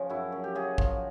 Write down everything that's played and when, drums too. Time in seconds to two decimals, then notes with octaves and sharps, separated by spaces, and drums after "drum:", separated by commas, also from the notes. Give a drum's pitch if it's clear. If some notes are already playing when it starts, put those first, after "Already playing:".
Already playing: C#3 F3
0.10 F#2 E4 F#4
0.32 F#2
0.44 G4
0.55 C#3 F#4 G#4
0.78 F3, drum: kick A1